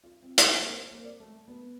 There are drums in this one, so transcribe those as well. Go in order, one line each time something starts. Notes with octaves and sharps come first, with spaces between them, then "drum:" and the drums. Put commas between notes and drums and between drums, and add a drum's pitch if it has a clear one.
F4
C4
C4, drum: hi-hat
A#3
C5
A#3
D5
A3
B3